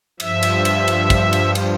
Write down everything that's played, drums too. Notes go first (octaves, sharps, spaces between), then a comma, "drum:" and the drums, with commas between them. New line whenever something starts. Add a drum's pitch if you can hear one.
G2 F3 E5, drum: cymbal
drum: cymbal
drum: cymbal
drum: cymbal
drum: kick, cymbal
drum: cymbal
drum: cymbal